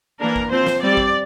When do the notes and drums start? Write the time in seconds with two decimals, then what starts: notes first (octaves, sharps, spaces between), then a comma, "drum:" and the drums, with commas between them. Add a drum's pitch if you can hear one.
0.20 E3 A#3 D4 A#4
0.36 drum: kick
0.51 F3 C4 C5
0.67 drum: snare
0.82 G3 C4 D5
0.97 drum: kick